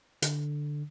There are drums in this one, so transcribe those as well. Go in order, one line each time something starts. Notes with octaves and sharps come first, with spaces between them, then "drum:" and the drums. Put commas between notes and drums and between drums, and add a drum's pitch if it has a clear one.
D3, drum: hi-hat